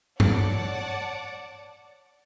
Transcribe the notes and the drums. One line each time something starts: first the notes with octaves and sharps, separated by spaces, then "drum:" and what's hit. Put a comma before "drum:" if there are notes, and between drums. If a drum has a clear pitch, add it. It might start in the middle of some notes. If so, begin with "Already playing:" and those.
C#5 D5 F#5 A5, drum: tom G2